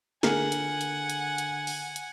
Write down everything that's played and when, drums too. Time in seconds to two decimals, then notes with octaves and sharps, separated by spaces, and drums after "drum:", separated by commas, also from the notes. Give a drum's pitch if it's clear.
0.23 D3 G#4 A#4 F#5 G#5, drum: snare
0.52 drum: hi-hat
0.81 drum: hi-hat
1.10 drum: hi-hat
1.38 drum: hi-hat
1.67 drum: open hi-hat
1.96 drum: hi-hat